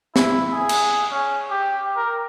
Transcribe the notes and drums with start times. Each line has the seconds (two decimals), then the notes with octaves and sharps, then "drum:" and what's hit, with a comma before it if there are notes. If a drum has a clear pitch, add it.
0.16 E4, drum: snare
0.52 G#4
0.69 drum: cymbal
1.11 C#4
1.51 G4
1.96 A#4